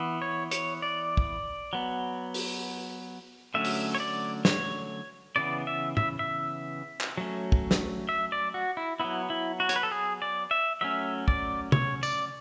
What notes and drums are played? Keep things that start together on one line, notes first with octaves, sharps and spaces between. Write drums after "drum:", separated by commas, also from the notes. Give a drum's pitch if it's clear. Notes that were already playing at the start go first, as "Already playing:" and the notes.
Already playing: E3 B3
C#5
C#5, drum: hi-hat
D5
drum: kick
F#3 B3
drum: open hi-hat
D3 F#3 A3 C#4 E5
drum: open hi-hat
C#5
D5
C#5, drum: snare
C#3 E3 B3 D5
E5
E5, drum: tom
E5
drum: clap
F#3 A3 C#4
drum: kick
drum: snare
E5
D5
F#4
E4
F#3 B3 E4
E4
F#4
C#5, drum: hi-hat
B4
A4
G#4
D5
E5
F#3 A3 C#4 E5
D5, drum: kick
C#5, drum: tom C3
D5, drum: tambourine